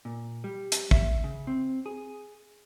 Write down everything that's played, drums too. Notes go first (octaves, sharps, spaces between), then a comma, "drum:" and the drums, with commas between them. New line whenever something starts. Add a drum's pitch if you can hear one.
A#2
G3
drum: hi-hat
E5, drum: kick A1
C#3
C4
G#4